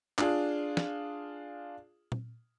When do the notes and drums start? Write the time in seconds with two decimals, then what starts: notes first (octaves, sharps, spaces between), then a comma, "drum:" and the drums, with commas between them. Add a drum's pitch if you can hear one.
0.18 D4 F4 G#4, drum: clap
0.77 drum: snare
2.12 drum: tom A#2